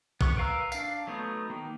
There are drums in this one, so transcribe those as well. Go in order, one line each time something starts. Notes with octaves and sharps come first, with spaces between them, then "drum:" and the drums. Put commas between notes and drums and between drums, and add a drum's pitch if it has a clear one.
B3 C#6, drum: kick
A#4 B4 F5 A#5 E6
D4 F5, drum: tambourine
F#3 A3 B3 D#4
D#3 A#3